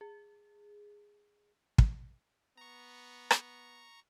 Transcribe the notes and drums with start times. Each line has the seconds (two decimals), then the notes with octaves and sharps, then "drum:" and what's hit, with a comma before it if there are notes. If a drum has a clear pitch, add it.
0.01 G#4
1.78 drum: kick
2.57 B3 A#5 C#6
3.31 drum: rim click